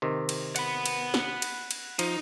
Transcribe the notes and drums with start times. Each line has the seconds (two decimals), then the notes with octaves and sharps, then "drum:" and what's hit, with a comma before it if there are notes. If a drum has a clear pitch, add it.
0.02 C3 D#3
0.29 drum: cymbal
0.56 F#5 B5, drum: cymbal
0.86 drum: cymbal
1.14 drum: snare
1.42 drum: cymbal
1.71 drum: cymbal
1.99 F3 D#4, drum: cymbal